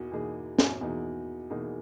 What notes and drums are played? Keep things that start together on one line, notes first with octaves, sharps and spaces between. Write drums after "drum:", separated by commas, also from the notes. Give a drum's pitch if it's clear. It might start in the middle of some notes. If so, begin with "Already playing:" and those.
Already playing: E2 B2 A#3 D#4
E2 B2 A#3 D#4 G#4
drum: snare
E2 B2 A#3 D#4 G#4
E2 B2 A#3 D#4 G#4